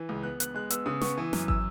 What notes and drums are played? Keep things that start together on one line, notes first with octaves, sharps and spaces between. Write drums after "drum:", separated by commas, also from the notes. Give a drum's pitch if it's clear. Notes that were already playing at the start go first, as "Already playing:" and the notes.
Already playing: E3
C#2
B3 F#6
B3 F#6, drum: hi-hat
G#3 F#6
B3 E6, drum: hi-hat
C#3 D#6
B3 C#6, drum: snare
E3
F#2, drum: snare
E6, drum: kick